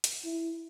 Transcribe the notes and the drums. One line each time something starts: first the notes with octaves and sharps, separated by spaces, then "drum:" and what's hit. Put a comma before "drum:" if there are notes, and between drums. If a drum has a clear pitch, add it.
drum: hi-hat
E4